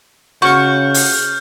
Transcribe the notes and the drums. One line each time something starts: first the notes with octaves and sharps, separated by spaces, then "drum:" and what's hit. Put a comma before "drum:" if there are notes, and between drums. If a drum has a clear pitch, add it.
C#3 F#4 C#5 F#5 C#6 F6 G6
drum: open hi-hat